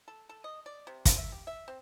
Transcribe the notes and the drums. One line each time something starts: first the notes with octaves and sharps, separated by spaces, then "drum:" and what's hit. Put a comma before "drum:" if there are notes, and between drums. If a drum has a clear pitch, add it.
A4
A4
D#5
D5
C3
F3, drum: kick, hi-hat
E5
G4
E5
C4